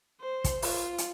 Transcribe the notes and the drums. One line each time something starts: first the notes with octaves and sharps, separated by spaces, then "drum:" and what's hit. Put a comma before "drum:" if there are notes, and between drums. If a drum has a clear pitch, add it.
C5
drum: kick, hi-hat
F4, drum: open hi-hat
drum: hi-hat